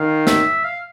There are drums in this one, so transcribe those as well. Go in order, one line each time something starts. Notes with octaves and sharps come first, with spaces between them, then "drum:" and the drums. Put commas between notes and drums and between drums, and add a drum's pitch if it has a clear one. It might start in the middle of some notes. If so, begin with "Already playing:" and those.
Already playing: D#3 F5
E5, drum: snare
F5